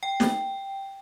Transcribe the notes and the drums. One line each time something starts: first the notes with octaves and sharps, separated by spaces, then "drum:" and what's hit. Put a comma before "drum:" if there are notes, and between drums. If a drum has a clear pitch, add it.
G5
drum: snare